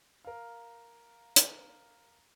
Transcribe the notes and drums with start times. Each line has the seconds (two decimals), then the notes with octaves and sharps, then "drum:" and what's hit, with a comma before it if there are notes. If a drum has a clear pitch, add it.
0.25 A#4 F5
1.36 drum: hi-hat